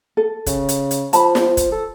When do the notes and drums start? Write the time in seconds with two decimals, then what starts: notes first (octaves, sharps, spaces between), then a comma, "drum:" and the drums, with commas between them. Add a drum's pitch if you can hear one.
0.17 A4
0.46 C#3, drum: kick, hi-hat
0.69 drum: hi-hat
0.91 drum: hi-hat
1.13 F3 A5 B5, drum: hi-hat
1.35 drum: snare
1.57 drum: kick, hi-hat
1.72 A4